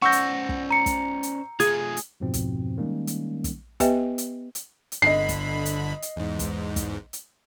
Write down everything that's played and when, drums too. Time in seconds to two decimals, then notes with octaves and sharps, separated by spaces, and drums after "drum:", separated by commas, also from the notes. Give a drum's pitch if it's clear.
0.02 C#4 C5 D5 F#5 C#6 E6 G6 A#6
0.12 drum: hi-hat
0.49 drum: kick
0.71 A#5 C#7
0.86 drum: kick, hi-hat
1.23 drum: hi-hat
1.60 A3 F4 G#4 G#6, drum: hi-hat
1.97 drum: hi-hat
2.20 F2 G#2 B2 F3 C4
2.34 drum: kick, hi-hat
2.78 D#3 G3 G#3 A#3 C#4 D#4
3.07 drum: hi-hat
3.44 drum: kick, hi-hat
3.80 B3 G4 B4 D#5 E5 G5, drum: kick, hi-hat
4.18 drum: hi-hat
4.55 drum: hi-hat
4.92 drum: hi-hat
5.02 G1 D3 D#5 B5 C7
5.29 drum: kick, hi-hat
5.65 drum: hi-hat
6.02 drum: hi-hat
6.16 E2 G#2
6.39 drum: kick, hi-hat
6.76 drum: kick, hi-hat
7.13 drum: hi-hat